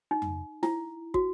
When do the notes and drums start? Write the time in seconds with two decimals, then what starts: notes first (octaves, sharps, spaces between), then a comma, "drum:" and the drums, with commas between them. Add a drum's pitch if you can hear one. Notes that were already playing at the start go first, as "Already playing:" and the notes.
0.11 D#4
0.22 drum: tom F2
0.63 E4, drum: snare
1.14 F#4, drum: kick